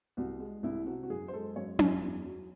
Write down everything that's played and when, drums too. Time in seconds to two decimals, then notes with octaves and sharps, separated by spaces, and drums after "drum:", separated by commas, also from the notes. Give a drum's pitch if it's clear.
0.17 C2 F#4
0.40 G#3
0.63 C2 E4
0.87 C3 F#4
1.03 F#4
1.10 F#2 G#4
1.28 C5
1.33 G#3 A4
1.56 F#2 C#5
1.79 F#2, drum: tom C#4
2.02 E2
2.25 F#3